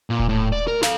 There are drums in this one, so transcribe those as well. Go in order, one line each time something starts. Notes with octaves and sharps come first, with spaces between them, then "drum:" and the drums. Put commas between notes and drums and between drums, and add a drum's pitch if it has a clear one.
A#2
drum: kick D#1
A2
D5
A#4
A4 F5, drum: snare